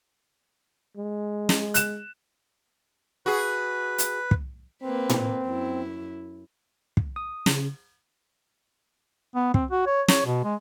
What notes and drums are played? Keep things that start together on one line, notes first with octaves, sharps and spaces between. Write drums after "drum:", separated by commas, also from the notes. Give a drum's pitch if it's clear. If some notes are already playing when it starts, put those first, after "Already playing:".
G#3
drum: snare
F#6 E7, drum: hi-hat
F#4 G#4 B4
drum: hi-hat
drum: kick
A#3 C4 B4
drum: tom A2
F#2 E4
drum: kick
D#6
C#3, drum: snare
B3
C4, drum: kick
F#4
C#5
C#5, drum: snare
B2
G#3